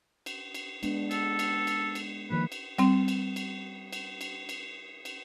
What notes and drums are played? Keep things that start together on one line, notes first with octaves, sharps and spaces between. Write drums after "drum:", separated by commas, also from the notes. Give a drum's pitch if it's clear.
drum: cymbal
drum: cymbal
G#3 B3 D4, drum: cymbal
A4, drum: cymbal
drum: cymbal
drum: cymbal
drum: cymbal
D#3 F3 A#3 B4
drum: cymbal
G3 C4, drum: cymbal
drum: cymbal
drum: cymbal
drum: cymbal
drum: cymbal
drum: cymbal
drum: cymbal